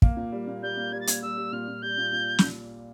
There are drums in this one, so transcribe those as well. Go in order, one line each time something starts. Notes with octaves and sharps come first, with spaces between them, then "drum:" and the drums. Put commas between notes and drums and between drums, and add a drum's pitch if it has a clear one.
A#3, drum: kick
A#2
G3
A#2
G3 G6
A#3
G3 G#6
A6
A#3 G#6, drum: hi-hat
G3 E6
G3
A#2 F6
A#2
G3 G6
A#2
A#2
drum: snare